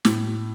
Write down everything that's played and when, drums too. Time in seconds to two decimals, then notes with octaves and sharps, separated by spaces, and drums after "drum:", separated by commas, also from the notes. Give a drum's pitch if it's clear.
0.05 A2, drum: snare